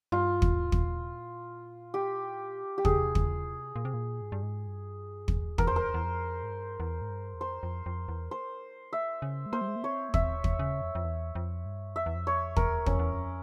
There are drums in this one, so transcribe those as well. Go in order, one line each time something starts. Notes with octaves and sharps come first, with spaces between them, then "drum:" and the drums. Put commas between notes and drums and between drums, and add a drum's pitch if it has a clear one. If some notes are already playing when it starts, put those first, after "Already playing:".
G2 F4
G#2, drum: kick
A#2, drum: kick
G4
G4
C3 G#4, drum: kick
C#3
C3
C#3, drum: kick
C3
A#2
C3
A#2
G#2
G2
G#2
G2
drum: kick
E2 A#4, drum: kick
F2 C5
E2 A#4
E2
F2
G#2
G2
E2
G#2
G2
E2
F2 C5
F2
F2
E2
C5
E5
C#3
G#3
A#3 C5
G3
G#3
A#3
C4 C#5
A#3
C4 E5, drum: kick
drum: kick
C#3
F2
F2
E2
F2
G2
F2 E5
E2
F2
C#5
A#4, drum: kick
F2 C#4, drum: kick
E2
F2